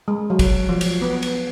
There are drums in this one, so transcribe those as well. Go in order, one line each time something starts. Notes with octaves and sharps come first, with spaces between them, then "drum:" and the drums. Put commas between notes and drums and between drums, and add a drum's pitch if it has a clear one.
G#3
F#3
drum: kick, cymbal
F3
drum: cymbal
B3
drum: cymbal